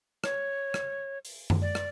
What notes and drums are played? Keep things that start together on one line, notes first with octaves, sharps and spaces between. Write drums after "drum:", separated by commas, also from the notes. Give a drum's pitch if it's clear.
C#5, drum: rim click
drum: rim click
drum: open hi-hat
drum: tom F#2
D5
drum: rim click